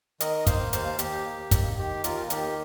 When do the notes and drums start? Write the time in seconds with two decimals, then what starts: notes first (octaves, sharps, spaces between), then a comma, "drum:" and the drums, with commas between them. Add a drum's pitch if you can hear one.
0.20 D#3 A#4 D#5, drum: hi-hat
0.47 A#3 C5 F5, drum: kick, hi-hat
0.73 D#2 C5 F5, drum: hi-hat
0.99 D#2 G4, drum: hi-hat
1.26 A#3
1.51 D#3, drum: kick, hi-hat
1.78 D#3 G4
2.04 D#2 F4 A#4, drum: hi-hat
2.30 D#3 G4, drum: hi-hat